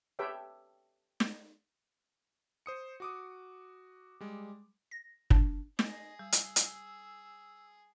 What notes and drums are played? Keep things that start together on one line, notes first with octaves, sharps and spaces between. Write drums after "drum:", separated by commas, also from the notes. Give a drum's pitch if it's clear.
G4 A4 B4 C#5 E5 G5
drum: snare
C5 D#6 C#7
F#4 D6 D#6
G3 G#3
A#6
D4, drum: kick
G#4 D#5, drum: snare
G3 E6
drum: hi-hat
drum: hi-hat